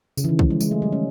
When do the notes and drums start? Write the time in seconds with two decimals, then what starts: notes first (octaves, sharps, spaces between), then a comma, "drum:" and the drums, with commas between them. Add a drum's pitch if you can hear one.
0.17 C#3, drum: tambourine
0.24 E3
0.29 D#3
0.39 F3, drum: kick
0.50 G#3
0.61 G#3, drum: tambourine
0.71 A3
0.82 G3
0.92 C#4